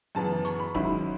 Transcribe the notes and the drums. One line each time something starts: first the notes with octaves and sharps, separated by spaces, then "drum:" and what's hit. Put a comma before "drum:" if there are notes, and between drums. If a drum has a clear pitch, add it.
F#2 C#3 E3 B3 A5
C#6, drum: hi-hat
B5
G#2 D#3 F#3 C#4 E4 B5, drum: kick